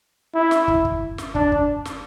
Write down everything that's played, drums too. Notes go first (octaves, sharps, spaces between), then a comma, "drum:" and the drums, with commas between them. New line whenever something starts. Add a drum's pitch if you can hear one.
E4
drum: snare
drum: kick
drum: kick
drum: snare
D4, drum: kick
drum: kick
drum: snare